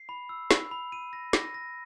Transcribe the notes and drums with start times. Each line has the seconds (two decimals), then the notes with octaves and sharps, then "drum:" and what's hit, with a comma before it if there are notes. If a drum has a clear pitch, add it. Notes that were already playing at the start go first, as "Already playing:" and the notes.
Already playing: C7
0.09 B5
0.29 E6
0.51 B5, drum: snare
0.71 B5
0.92 D#7
1.13 A#6
1.33 A#6, drum: snare
1.54 A#6